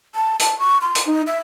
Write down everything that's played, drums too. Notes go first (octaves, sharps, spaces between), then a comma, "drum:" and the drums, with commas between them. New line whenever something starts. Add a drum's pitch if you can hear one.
A5
A5, drum: hi-hat
C#6
C6
drum: hi-hat
D#4
E5